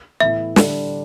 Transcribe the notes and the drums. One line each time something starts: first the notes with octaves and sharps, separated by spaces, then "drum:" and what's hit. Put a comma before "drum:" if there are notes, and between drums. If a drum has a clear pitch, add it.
A2 E3 B3 E4 E5
D3 G3 D4, drum: snare